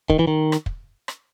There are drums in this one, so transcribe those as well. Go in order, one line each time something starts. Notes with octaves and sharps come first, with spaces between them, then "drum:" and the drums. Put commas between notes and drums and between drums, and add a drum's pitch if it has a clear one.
D#3, drum: kick
E3
D#3
drum: rim click
drum: kick
drum: rim click